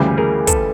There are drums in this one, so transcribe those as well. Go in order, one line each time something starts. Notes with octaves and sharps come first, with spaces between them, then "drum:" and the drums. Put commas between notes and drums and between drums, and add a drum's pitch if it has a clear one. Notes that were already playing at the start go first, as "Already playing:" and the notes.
Already playing: D2 C#3 E3 G3
G#4 A#4
A4 B4, drum: kick, hi-hat